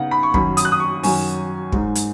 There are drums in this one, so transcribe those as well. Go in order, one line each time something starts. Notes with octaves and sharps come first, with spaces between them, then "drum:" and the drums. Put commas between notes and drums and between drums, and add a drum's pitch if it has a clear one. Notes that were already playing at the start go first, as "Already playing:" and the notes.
Already playing: C#3 B3 D#4 F#5
B5
C#6
F#2 D#3 F#3 C#4 B5, drum: kick
D#6, drum: hi-hat
F#6
D#6
C#6
F#2 D#3 F#3 C#4 G#5, drum: open hi-hat
G#2 G#3 D#4, drum: kick
drum: hi-hat